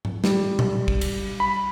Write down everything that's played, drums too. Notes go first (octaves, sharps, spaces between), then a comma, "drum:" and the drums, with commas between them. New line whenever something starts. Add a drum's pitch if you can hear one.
drum: tom G#2
G3, drum: snare
drum: tom A#2
drum: kick
drum: cymbal
B5